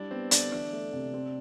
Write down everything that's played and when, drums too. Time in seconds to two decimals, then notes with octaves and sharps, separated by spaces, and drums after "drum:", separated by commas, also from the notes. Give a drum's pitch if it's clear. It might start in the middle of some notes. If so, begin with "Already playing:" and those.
Already playing: G3 D4 E4
0.11 B3 C4
0.31 D3 D4, drum: hi-hat
0.52 E3 D4
0.73 A3
0.93 C3
1.14 C4